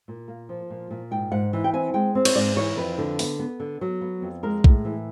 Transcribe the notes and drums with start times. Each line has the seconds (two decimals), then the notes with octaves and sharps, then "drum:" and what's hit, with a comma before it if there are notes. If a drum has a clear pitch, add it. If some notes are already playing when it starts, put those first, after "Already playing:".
0.08 A#2
0.28 A#3
0.49 F3
0.70 A#2
0.91 A#2
1.11 G#2 G5
1.31 G#2 F#5
1.53 E3
1.64 G5
1.73 C4 G#5
1.94 G#3 G5
2.15 C4
2.25 C#5, drum: cymbal
2.36 G#2 D5
2.56 E3 C#5
2.77 F2 B4
2.98 D3
3.19 B3, drum: open hi-hat
3.39 B3
3.60 D3
3.81 F#3
4.01 B3
4.22 F2
4.43 G#3 A#4
4.64 A2, drum: kick
4.85 E3